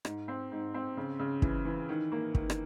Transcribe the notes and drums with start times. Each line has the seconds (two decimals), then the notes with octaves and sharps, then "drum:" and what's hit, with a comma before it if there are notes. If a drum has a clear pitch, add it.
0.05 G#2, drum: rim click
0.28 C4
0.52 G#2
0.74 C4
0.97 C#3
1.19 C#3
1.42 E3, drum: kick
1.65 E3
1.89 D#3
2.12 A#3
2.35 D#3, drum: kick
2.50 drum: rim click